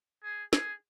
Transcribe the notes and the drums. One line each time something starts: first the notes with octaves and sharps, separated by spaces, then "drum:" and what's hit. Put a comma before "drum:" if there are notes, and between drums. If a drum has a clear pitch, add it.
G#4
G#4, drum: snare